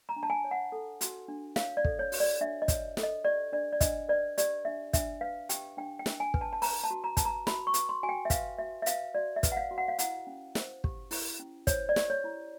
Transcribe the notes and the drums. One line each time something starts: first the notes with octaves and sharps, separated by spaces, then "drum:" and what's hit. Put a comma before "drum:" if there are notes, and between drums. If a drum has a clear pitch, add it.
A#5
D4
A5
G#5
C#5
F#5
A4
F#4, drum: hi-hat
D4
C#5 F5, drum: snare
D5
A4, drum: kick
C#5
F#4, drum: open hi-hat
D5
D4 E5
D#5
C#5, drum: kick, hi-hat
A4, drum: snare
D#5
G4 D5
D4 D5
D5
D4 D#5, drum: kick, hi-hat
B4 D5
G4 D5, drum: hi-hat
D4 E5
D4 E5, drum: kick, hi-hat
B4 F5
G4 G5, drum: hi-hat
D4 G5
G5
D4, drum: snare
G#5
B4, drum: kick
A5
A5
B4 A#5, drum: open hi-hat
A5
F#4
A#5
B4 A5, drum: kick, hi-hat
A#5
F#4 B5, drum: snare
C#6
B4, drum: hi-hat
C6
F#4 G#5
G5
E5
B4 F5, drum: kick, hi-hat
F#4 E5
E5
B4 F5, drum: hi-hat
F#4 D5
E5
B4, drum: kick, hi-hat
F#5
F5
F#4
F#5
F5
E4 F#5, drum: hi-hat
C#4
C5, drum: snare
G4, drum: kick
E4, drum: open hi-hat
C#4
C5 C#5, drum: kick, hi-hat
D5
G4, drum: snare
C#5
E4